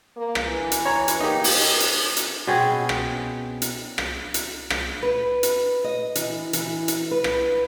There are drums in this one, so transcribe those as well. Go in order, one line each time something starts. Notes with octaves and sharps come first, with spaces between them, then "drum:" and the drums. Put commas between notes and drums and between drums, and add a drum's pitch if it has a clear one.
A#3
drum: rim click
E3
drum: hi-hat
C#5 A#5
drum: hi-hat
A#3 D#4 G4
drum: open hi-hat
drum: hi-hat
drum: hi-hat
B2 C4 C#4 G#4
drum: rim click
drum: hi-hat
drum: rim click
drum: hi-hat
drum: rim click
B4
drum: hi-hat
D#5
E3, drum: hi-hat
E3, drum: hi-hat
drum: hi-hat
B4
drum: rim click